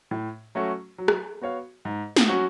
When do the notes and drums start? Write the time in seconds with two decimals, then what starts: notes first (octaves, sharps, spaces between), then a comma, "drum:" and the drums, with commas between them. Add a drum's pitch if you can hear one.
0.11 A2
0.55 F#3 A3 C#4 F#4
0.98 F#3
1.08 drum: rim click
1.41 B3 F#4 C#5 F5
1.85 G#2
2.16 drum: snare
2.28 F#3 C#4 F#4